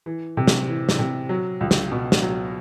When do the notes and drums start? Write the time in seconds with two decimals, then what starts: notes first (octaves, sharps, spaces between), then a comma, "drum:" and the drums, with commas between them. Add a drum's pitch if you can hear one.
0.06 E3
0.37 C3
0.47 drum: snare
0.68 E3
0.89 drum: snare
0.99 C3
1.29 F#3
1.61 C#2
1.71 drum: snare
1.92 B2
2.12 drum: snare
2.22 F#3